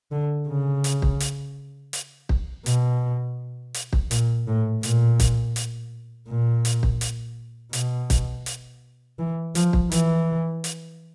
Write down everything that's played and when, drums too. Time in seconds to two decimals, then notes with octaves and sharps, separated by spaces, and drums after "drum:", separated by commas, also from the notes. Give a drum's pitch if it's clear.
0.11 D3
0.48 C#3
0.84 drum: hi-hat
1.02 drum: kick
1.20 drum: hi-hat
1.93 drum: hi-hat
2.29 drum: kick
2.66 B2, drum: hi-hat
3.74 drum: hi-hat
3.93 drum: kick
4.11 A#2, drum: hi-hat
4.47 A2
4.83 A#2, drum: hi-hat
5.20 drum: kick, hi-hat
5.56 drum: hi-hat
6.28 A#2
6.65 drum: hi-hat
6.83 drum: kick
7.01 drum: hi-hat
7.73 B2, drum: hi-hat
8.10 drum: kick, hi-hat
8.46 drum: hi-hat
9.19 E3
9.55 F3, drum: hi-hat
9.73 drum: kick
9.92 E3, drum: hi-hat
10.64 drum: hi-hat